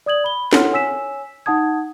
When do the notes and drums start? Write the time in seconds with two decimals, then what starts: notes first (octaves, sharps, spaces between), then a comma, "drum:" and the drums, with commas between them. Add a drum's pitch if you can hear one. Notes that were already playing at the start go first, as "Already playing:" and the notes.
0.06 D5 D#6 G#6 F#7
0.24 B5 G7
0.53 E4 A4 C#5 F#5 C6 F6, drum: snare
0.73 C#5 G#5 E6 B6 E7
1.46 D#4 F#5 A5 D#6 G#6